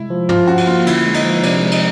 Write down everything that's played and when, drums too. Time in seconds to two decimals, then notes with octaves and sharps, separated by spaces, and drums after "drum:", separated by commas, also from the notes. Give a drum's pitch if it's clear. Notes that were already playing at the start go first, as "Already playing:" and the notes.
Already playing: C3 G#3 E4
0.10 F3
0.29 F3 F4, drum: tom
0.47 C#4 F#4
0.58 drum: cymbal
0.67 A#3 F4
0.87 D3 E4, drum: cymbal
1.05 G#3
1.14 D#4, drum: cymbal
1.25 F3
1.43 C3 D4, drum: cymbal
1.63 G#3
1.71 D#4, drum: cymbal